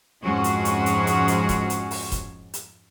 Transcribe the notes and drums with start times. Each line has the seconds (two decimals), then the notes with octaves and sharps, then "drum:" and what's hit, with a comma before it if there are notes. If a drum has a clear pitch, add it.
0.23 F2 G#2 G#3 C#4 F#4 G#4
0.44 drum: hi-hat
0.65 drum: hi-hat
0.86 drum: hi-hat
1.07 drum: hi-hat
1.28 drum: hi-hat
1.49 drum: kick E1, hi-hat
1.70 drum: hi-hat
1.91 drum: open hi-hat
2.12 drum: kick E1, hi-hat
2.54 drum: hi-hat